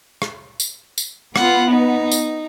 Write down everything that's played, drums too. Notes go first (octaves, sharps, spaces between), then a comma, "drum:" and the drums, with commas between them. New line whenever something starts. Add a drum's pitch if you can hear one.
drum: rim click
drum: tambourine
drum: tambourine
B3 F4 F#5, drum: rim click
D#4
drum: tambourine